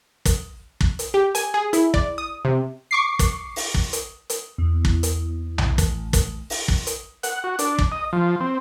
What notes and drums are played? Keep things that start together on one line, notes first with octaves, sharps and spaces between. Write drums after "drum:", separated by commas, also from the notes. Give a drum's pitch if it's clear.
drum: kick, hi-hat
drum: kick
drum: hi-hat
G4
G#5, drum: hi-hat
G#4
E4, drum: hi-hat
D5, drum: kick
D#6
C3
C#6 D6 C7
drum: kick, hi-hat
drum: open hi-hat
drum: kick
drum: hi-hat
drum: hi-hat
E2
drum: kick
drum: hi-hat
drum: tom B1
A1, drum: kick, hi-hat
drum: kick, hi-hat
drum: open hi-hat
drum: kick
drum: hi-hat
F#5, drum: hi-hat
F#4
D4, drum: hi-hat
drum: kick
D#5
F3
C4